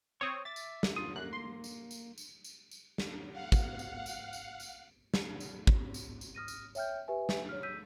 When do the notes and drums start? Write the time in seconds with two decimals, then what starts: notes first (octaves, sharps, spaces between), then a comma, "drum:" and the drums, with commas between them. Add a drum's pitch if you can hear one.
0.21 C4 C#5 C#6 D#6
0.45 E5 D6 A6
0.56 drum: tambourine
0.83 drum: snare
0.96 F4 D#6
1.16 F#2 A#3 F#6
1.33 C6
1.64 drum: tambourine
1.91 drum: tambourine
2.18 drum: tambourine
2.45 drum: tambourine
2.71 drum: tambourine
2.98 drum: snare
3.32 F5 F#5
3.52 drum: kick, tambourine
3.79 drum: tambourine
4.06 drum: tambourine
4.33 drum: tambourine
4.60 drum: tambourine
5.14 drum: snare
5.40 drum: tambourine
5.67 drum: kick
5.94 drum: tambourine
6.21 drum: tambourine
6.35 D#6 F6 A#6 D#7
6.48 drum: tambourine
6.75 C#5 E5 G5 F6 G6, drum: tambourine
7.08 G4 B4 E5 G#5
7.29 drum: snare
7.49 C#5 F6
7.63 E6 G6 B6 D#7